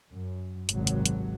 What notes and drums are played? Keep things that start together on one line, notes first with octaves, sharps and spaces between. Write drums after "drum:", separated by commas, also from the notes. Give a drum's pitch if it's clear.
F#2
G#1 C#2 C3 F#3, drum: hi-hat
drum: hi-hat
drum: hi-hat